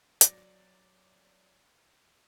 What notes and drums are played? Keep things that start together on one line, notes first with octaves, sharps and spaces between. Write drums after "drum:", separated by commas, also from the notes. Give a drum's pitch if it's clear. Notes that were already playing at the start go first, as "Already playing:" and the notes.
F#3 D5 A#6, drum: hi-hat